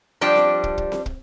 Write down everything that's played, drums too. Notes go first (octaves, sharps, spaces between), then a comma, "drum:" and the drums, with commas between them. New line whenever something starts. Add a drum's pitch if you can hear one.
F3 G3 D4 G5
drum: snare C4
drum: kick
drum: kick
drum: snare C4
drum: kick